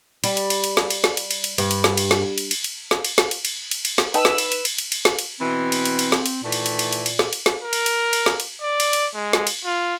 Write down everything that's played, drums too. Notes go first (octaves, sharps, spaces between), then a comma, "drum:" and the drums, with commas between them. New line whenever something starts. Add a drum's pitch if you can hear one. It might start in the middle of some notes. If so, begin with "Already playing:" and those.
G3, drum: cymbal
drum: cymbal
drum: cymbal
drum: cymbal
drum: snare
drum: cymbal
drum: snare
drum: cymbal
drum: cymbal
drum: cymbal
G2, drum: cymbal
drum: cymbal
drum: snare
drum: cymbal
drum: snare
drum: cymbal
drum: cymbal
drum: cymbal
drum: snare
drum: cymbal
drum: snare
drum: cymbal
drum: cymbal
drum: cymbal
drum: cymbal
drum: snare
D#4 B4 G5 A5 E6, drum: cymbal
drum: snare
drum: cymbal
drum: cymbal
drum: cymbal
drum: cymbal
drum: cymbal
drum: snare
drum: cymbal
B2 E3 C4
drum: cymbal
drum: cymbal
drum: cymbal
drum: snare
drum: cymbal
A#2 D#3 E3 A3
drum: cymbal
drum: cymbal
drum: cymbal
drum: cymbal
drum: cymbal
drum: snare
drum: cymbal
drum: snare
A#4
drum: cymbal
drum: cymbal
drum: cymbal
drum: snare
drum: cymbal
D5
drum: cymbal
drum: cymbal
G#3
drum: snare
drum: cymbal
F4